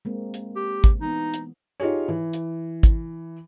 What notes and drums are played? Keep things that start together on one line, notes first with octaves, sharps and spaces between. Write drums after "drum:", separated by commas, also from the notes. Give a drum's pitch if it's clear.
G#3 A#3 C4
drum: hi-hat
G4
drum: kick, hi-hat
E3 B3 D#4
drum: hi-hat
D#4 F4 G4 G#4 C#5
E3
drum: hi-hat
drum: kick, hi-hat